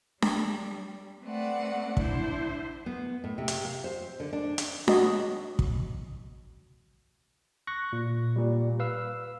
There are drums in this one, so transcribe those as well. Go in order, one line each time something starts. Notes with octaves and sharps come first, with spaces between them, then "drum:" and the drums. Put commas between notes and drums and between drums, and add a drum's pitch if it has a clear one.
G3, drum: snare D4
A3 C4 B4 D5 F#5
D4 E4 C5, drum: kick
B3
A2
C3
drum: hi-hat
F5
C5
D3
D4
drum: hi-hat
F#4 D#5, drum: snare D4
drum: kick
C#6 F#6 A#6
A#2
A#2 G3
B4 F5 E6